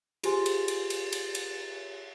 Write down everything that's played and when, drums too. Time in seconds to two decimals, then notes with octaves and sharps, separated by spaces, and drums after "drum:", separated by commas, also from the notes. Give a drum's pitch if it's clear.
0.24 F4 G4 G#4 C5 G#5 C6, drum: cymbal
0.46 drum: cymbal
0.68 drum: cymbal
0.90 drum: cymbal
1.12 drum: cymbal
1.35 drum: cymbal